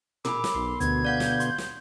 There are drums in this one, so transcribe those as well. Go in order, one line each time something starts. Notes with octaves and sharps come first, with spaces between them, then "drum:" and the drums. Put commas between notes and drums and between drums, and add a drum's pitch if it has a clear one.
G#4 A#4 B5 D6, drum: tom
drum: snare
B1 C6
D2 B2 D3 B3 G#6, drum: hi-hat
D5 F5 F#5 G6
drum: snare
C6, drum: hi-hat
drum: snare